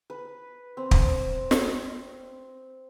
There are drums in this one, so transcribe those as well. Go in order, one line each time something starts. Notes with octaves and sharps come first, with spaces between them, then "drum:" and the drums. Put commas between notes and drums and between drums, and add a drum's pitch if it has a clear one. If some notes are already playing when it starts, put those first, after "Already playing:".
B4
C4
drum: kick
drum: snare